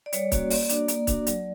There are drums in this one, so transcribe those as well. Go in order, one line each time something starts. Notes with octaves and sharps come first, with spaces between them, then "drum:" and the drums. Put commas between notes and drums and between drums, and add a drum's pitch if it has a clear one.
D5
G3 C#5, drum: hi-hat
A#3 C#4 F#4, drum: kick C#1, hi-hat
A#3 D5, drum: open hi-hat
D4 F#4, drum: hi-hat
A#3, drum: hi-hat
D4 F#4, drum: kick C#1, hi-hat
F#3, drum: hi-hat